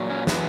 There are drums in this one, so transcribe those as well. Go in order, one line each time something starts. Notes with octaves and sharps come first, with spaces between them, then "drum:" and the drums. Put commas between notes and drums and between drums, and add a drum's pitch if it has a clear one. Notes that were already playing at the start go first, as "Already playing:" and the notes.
Already playing: A#2 F#3
C#4
E3 G#3 B3, drum: snare